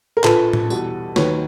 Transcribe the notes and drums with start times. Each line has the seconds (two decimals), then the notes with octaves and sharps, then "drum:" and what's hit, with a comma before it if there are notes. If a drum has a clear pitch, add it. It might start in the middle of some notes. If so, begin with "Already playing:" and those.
0.17 A#4
0.24 A#1 A#2 F3 A4 B4, drum: clap
0.53 drum: tom A2
0.70 E2 B2 G3, drum: tambourine
1.16 D#2 D#3 F#3 B4 C#5, drum: snare